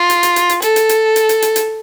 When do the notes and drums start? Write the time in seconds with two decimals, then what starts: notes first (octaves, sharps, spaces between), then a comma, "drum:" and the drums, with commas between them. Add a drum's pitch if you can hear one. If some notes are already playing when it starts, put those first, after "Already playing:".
Already playing: F4
0.10 drum: hi-hat
0.23 drum: hi-hat
0.36 drum: hi-hat
0.49 drum: hi-hat
0.62 A4, drum: hi-hat
0.76 drum: hi-hat
0.89 drum: hi-hat
1.16 drum: hi-hat
1.29 drum: hi-hat
1.42 drum: hi-hat
1.56 drum: hi-hat